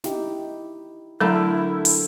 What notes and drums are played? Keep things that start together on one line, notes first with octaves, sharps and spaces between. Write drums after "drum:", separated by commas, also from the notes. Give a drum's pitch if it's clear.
D#4 E4 G4, drum: snare
D3 F#3 A3 E4 A#4 D5 B5
drum: open hi-hat